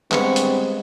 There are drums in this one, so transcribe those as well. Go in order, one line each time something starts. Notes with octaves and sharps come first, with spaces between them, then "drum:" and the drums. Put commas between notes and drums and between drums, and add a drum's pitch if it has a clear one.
G2 G#3 B3 C4 C#6, drum: clap
drum: hi-hat